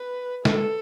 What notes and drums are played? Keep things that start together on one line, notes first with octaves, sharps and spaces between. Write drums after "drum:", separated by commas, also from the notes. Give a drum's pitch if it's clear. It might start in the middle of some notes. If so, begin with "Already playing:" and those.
Already playing: B4
A4, drum: snare